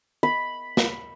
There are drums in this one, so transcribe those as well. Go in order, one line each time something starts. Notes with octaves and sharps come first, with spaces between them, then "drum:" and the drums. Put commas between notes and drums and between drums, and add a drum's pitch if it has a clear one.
B5
drum: snare